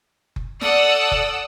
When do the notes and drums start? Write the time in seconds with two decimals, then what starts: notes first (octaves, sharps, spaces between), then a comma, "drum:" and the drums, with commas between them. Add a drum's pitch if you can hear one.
0.36 drum: kick F#1
0.61 A4 D5 F#5 D#6 E6, drum: snare
1.12 drum: kick F#1